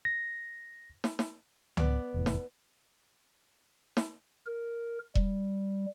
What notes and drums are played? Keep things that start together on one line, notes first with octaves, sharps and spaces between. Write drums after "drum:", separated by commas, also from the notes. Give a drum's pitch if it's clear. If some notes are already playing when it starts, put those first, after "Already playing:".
A#6
drum: snare
drum: snare
B3 D5, drum: tom C#2
F1 E2 A2
drum: snare
drum: snare
A#4
G3, drum: kick E1